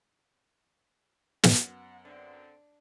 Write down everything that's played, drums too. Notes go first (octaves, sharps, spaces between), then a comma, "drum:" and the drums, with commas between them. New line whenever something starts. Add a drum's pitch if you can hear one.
F#2 B3 F#5, drum: snare
D3 C4 D4